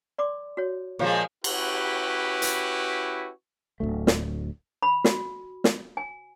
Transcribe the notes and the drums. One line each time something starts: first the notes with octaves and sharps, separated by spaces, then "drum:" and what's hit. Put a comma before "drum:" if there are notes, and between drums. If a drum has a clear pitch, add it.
D5 C6 D6
F#4 C#5
A#2 F3 G#3 G4 C#5 F5
C#4 E4 F#4 G4 B4, drum: cymbal
drum: hi-hat
D1 G1 D2 A3
drum: snare
B5
F#4, drum: snare
drum: snare
G#5